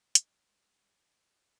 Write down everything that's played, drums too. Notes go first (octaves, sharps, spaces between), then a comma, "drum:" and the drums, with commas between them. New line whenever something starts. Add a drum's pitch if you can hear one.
G#5, drum: hi-hat
A#5
G#3
G#3
D#2
C6
A1